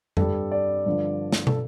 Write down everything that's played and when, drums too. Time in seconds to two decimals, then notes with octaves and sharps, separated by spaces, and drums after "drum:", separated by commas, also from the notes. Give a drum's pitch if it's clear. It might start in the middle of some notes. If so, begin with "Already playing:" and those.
0.17 G2 G3 A4, drum: tom F2
0.52 D5
0.86 G2 D3 F3
1.32 drum: snare
1.47 A4, drum: tom